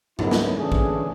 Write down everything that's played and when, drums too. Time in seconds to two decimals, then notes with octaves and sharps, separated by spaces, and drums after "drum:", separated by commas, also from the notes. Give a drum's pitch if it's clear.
0.19 C#2 F#2 D3 B3 D#4 E4, drum: tom G#2
0.31 drum: snare
0.58 C#3 E3 A3 C#4 D4 G#4
0.72 drum: kick A1